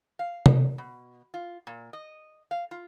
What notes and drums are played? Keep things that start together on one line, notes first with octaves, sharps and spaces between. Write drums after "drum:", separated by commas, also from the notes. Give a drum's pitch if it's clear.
F5
drum: tom C3
B2
F4
A#2
D#5
F5
F4